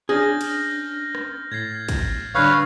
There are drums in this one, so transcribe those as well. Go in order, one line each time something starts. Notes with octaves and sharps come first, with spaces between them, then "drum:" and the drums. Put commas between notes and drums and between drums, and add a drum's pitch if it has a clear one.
C#4 D4 G#4 F6 G6 A#6
drum: cymbal
drum: rim click
A2 G#6 A6 C7
drum: kick, cymbal
D3 G3 D4 B4 C#5 F5 E6